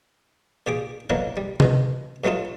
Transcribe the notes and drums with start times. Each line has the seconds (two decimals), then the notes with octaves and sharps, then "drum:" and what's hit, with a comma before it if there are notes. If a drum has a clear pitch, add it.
0.67 A#2 G4 G#4 D6
1.10 B2 D3 F#3 A#3 E4 A#4
1.37 G3
1.60 B2 G#3, drum: tom C3
2.24 G2 F#3 A3 D#4 F4 A5